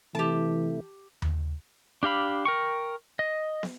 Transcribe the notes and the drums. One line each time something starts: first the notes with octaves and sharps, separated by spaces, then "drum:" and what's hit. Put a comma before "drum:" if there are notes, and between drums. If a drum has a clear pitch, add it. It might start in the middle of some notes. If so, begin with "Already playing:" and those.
C3 E3 A3 E4 G4 A5
drum: tom D#2
D4 G4 F5 B5
A#4 G5 C#6
D#5
drum: snare